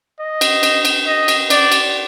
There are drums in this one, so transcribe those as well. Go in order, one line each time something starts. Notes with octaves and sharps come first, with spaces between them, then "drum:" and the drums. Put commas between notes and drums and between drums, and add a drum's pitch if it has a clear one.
D#5
drum: cymbal
drum: cymbal
drum: cymbal
D#5
drum: cymbal
D5, drum: cymbal
drum: cymbal